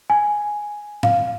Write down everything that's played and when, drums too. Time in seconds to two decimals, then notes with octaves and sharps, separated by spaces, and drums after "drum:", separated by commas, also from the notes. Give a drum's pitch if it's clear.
0.10 G#5
1.03 F5, drum: tom G#2